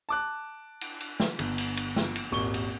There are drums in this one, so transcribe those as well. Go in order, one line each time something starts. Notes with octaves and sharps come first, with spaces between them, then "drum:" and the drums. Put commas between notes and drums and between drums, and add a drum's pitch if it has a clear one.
A5 D6 F#6
drum: cymbal
drum: cymbal
drum: snare
G1, drum: cymbal
drum: cymbal
drum: cymbal
drum: snare
drum: cymbal
D#1 G#1 C#6 G7
drum: cymbal